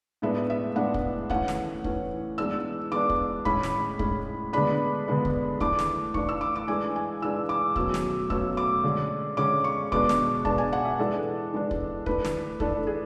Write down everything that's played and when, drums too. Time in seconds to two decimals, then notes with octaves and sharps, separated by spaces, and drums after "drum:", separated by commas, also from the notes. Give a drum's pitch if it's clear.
0.22 A2 G#3 B3 D4 E5
0.50 E5
0.76 A2 G#3 B3 D4 F#5
0.94 drum: kick
1.30 E3 A3 C#4 F#5, drum: kick
1.48 drum: snare
1.84 E3 A3 C#4, drum: kick
2.38 E3 G#3 B3 D4 E6
2.92 E3 G#3 B3 D4 D6
3.10 drum: kick
3.45 A2 G#3 C#4 B5, drum: kick
3.63 drum: snare
3.99 A2 G#3 C#4, drum: kick
4.53 D3 G#3 B3 D4 B5
5.08 D3 G#3 B3 D4
5.25 drum: kick
5.60 E3 A3 D4 D6, drum: kick
5.79 drum: snare
6.14 E3 A3 D4 C#6, drum: kick
6.29 E6
6.41 D6
6.56 D6
6.68 E3 G#3 D4 G#5
6.96 G#5
7.22 E3 G#3 D4 E6
7.49 D6
7.76 B2 F#3 A3 C#4 E6, drum: kick
7.94 drum: snare
8.30 B2 F#3 A3 C#4 E6, drum: kick
8.57 D6
8.84 D3 G#3 C#4
9.37 D3 G#3 C#4 D6
9.64 C#6
9.92 B2 G#3 D4 D6, drum: kick
10.09 drum: snare
10.45 B2 G#3 D4 A5, drum: kick
10.58 G#5
10.73 F#5
10.85 E5
10.99 E3 G#3 D4 A4
11.53 E3 G#3 D4
11.71 drum: kick
12.06 E3 A3 D4 B4, drum: kick
12.25 drum: snare
12.60 E3 A3 D4 A4, drum: kick
12.87 G#4